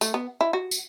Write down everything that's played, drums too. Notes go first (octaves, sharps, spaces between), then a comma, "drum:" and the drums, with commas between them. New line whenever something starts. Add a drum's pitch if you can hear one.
A3, drum: tambourine
B3
E4
F#4
drum: tambourine